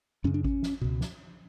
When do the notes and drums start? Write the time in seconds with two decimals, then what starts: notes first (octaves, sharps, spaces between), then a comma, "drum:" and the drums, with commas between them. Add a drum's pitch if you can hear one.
0.24 F#2 C#3 C#4
0.34 D4
0.44 C#4, drum: kick G#1
0.63 drum: snare
0.81 C#2 B2
1.01 drum: snare